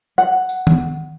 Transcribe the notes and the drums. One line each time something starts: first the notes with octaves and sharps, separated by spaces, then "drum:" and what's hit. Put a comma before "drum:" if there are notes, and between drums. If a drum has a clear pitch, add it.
F#5
drum: tambourine
drum: tom D#3